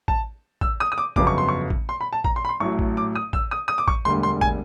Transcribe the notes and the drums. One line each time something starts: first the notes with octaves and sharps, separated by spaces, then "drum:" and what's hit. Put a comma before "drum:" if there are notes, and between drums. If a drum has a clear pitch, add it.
A5, drum: kick
E6, drum: kick
D#6
D#6
D6
G1 F2 C#3 F#3 B3 D6, drum: kick
C#6
C6
C#6
drum: kick
C6
B5
A5
A#5, drum: kick
C6
B5
C6
A1 A2 F#3 A3 C#6
drum: kick
D6
D#6
E6, drum: kick
D#6
D#6
D6
C#6, drum: kick
E1 D2 D3 G3 C6
C6
G#5, drum: kick